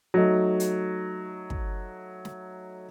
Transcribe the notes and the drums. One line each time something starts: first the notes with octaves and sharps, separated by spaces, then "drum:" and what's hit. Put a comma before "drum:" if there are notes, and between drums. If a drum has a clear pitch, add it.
F#3 A3 D#4
drum: hi-hat
drum: kick
drum: snare